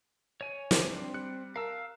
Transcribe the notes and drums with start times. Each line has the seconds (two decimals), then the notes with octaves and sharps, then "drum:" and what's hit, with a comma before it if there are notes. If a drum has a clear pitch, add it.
0.41 C#5 G#5
0.71 drum: snare
0.90 G3 C4 D4
1.14 G3 F#6 C#7
1.56 A#4 F5 A5 E6